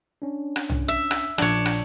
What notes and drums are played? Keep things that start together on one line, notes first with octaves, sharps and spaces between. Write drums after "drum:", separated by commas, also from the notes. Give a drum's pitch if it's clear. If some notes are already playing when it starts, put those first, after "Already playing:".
C#4 D4
drum: rim click
drum: tom
E5
drum: rim click
A#1 F3 D4 C#5, drum: rim click
drum: rim click